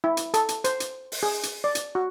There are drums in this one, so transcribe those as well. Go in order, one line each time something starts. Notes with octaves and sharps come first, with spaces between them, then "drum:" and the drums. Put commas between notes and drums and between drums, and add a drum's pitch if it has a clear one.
E4
drum: hi-hat
A4, drum: hi-hat
drum: hi-hat
C5, drum: hi-hat
drum: hi-hat
drum: open hi-hat
G#4
drum: hi-hat
D5
drum: hi-hat
F#4